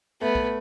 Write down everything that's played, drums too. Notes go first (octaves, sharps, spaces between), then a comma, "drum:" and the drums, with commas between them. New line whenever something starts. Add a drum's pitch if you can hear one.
A3 B3
drum: kick B1